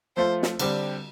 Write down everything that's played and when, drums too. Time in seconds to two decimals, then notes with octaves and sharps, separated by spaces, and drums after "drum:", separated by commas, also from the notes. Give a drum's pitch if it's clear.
0.16 F3 A3 F4 C5
0.43 drum: snare
0.59 D3 G3 C4 G4, drum: cymbal